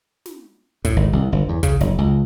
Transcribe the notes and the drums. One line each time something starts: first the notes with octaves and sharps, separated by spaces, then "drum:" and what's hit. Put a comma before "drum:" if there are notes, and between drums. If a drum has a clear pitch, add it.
drum: snare
A2, drum: kick, hi-hat
G#1
C2
G1
E2
C#3, drum: kick, hi-hat
F#1, drum: snare
C#2